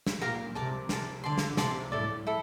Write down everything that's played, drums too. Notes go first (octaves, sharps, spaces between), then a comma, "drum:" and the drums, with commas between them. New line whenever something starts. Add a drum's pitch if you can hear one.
drum: snare
A#2 G4 A#4 F5 A#5
C3 A#4 D5 A5
A#4 D5 A5, drum: snare
D3 D5 A5 C6
drum: snare
C3 D5 A5 C6, drum: snare
A2 E4 A4 D5
E4 A4